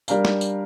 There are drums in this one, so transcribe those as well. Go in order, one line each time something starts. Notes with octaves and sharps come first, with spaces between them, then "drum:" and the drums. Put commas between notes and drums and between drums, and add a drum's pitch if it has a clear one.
G3 D4 A#4 F5, drum: tambourine
drum: snare
drum: tambourine